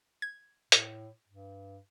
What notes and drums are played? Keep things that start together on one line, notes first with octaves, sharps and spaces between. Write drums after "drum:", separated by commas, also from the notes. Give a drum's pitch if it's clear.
G#6
A2, drum: hi-hat
G2